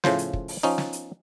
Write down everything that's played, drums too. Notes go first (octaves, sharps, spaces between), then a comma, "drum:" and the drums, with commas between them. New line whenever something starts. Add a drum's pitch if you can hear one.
A2 C#3 F3 C5, drum: snare
drum: hi-hat
drum: kick
drum: open hi-hat
F3 C#4 D#4
drum: snare
drum: hi-hat